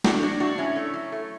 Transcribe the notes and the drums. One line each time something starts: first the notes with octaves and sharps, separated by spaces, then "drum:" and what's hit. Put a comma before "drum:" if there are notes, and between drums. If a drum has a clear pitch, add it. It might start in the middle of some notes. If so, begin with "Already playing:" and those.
A3 D4 F#4, drum: snare
F#3 D4 F#4
A2 D4 F#4
A2 C#4 E4
A3
F#3
A3